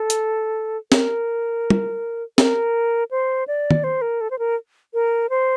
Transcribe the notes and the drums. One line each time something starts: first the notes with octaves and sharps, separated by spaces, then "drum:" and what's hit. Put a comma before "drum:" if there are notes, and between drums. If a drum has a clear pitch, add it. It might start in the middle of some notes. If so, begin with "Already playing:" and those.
Already playing: A4
drum: hi-hat
A#4, drum: snare C4
drum: tom
A#4, drum: snare C4
C5
D5
drum: tom
C5
A#4
A4
C5
A#4
A#4
C5